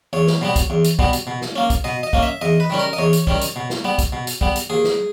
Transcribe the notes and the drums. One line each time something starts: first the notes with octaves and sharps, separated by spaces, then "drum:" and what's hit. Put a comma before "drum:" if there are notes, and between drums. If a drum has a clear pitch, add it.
E2 C#5
drum: snare
B2 G3 B3
drum: kick, hi-hat
E2
drum: hi-hat
B2 G3 B3, drum: kick
drum: hi-hat
B2
drum: snare
A#3 C#4
drum: kick, hi-hat
B2 D#5
D#5
A#3 C#4, drum: kick
E5
E2 D#5
B4
D#3 G3 C#4
A#4
D#5
E2 C#5
drum: hi-hat
D#3 G3 C#4, drum: kick
drum: hi-hat
B2
drum: snare
G3 B3
drum: kick, hi-hat
B2
drum: hi-hat
G3 B3, drum: kick
drum: hi-hat
D#2 G#4
drum: snare